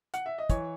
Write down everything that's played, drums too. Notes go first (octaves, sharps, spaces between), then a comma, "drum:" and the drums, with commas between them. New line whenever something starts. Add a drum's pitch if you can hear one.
F#5, drum: hi-hat
E5
D#5
E3 C#5, drum: kick, hi-hat